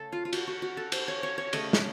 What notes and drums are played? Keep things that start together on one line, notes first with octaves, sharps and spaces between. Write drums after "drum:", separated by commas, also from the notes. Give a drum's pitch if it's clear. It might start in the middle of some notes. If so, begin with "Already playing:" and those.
Already playing: C#3 A3 A4
F4
F4
F#4, drum: cymbal
F#4
F#4
A4
C5, drum: cymbal
C#5
C#5
C#5
C#3 A3 D#5, drum: cymbal
drum: snare